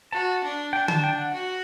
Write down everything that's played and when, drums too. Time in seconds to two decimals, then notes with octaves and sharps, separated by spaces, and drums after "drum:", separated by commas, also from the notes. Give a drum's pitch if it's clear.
0.12 F#4 A5
0.43 D4
0.73 D4 G5
0.88 A5, drum: tom D3
1.04 G5
1.18 F#5
1.33 F#4